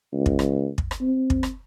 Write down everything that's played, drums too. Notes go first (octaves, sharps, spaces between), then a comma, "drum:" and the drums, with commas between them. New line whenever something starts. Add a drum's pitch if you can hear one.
C#2
drum: kick
drum: rim click
drum: kick
drum: rim click
C4
drum: kick
drum: rim click